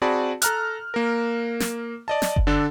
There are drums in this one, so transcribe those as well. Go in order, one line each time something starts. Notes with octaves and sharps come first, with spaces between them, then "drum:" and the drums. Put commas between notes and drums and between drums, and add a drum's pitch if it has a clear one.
C4 F#4 G#4 D5 A5 B5
A4 A#5 F6 F#6, drum: hi-hat
A#3 A#4
drum: snare
D5 D#5 A5
drum: snare
drum: kick F#1
D3 D4 A4